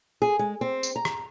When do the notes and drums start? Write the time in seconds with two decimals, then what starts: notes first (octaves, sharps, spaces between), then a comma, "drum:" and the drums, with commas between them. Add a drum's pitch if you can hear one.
0.22 G#4
0.39 G#3
0.61 C4
0.83 drum: tambourine
0.96 A#5
1.05 drum: rim click